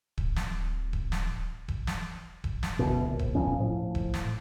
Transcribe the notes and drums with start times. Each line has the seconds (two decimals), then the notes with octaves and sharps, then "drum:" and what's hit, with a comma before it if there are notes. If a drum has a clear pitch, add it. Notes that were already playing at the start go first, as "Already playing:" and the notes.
0.18 D1, drum: kick D#1
0.36 drum: snare
0.93 drum: kick D#1
1.12 drum: snare
1.68 drum: kick D#1
1.87 drum: snare
2.44 drum: kick D#1
2.63 drum: snare
2.79 F#1 D2 B2
3.06 A#1
3.19 drum: kick D#1
3.35 D1 B1 F2 C#4
3.60 A2 F3
3.95 drum: kick D#1
4.14 drum: snare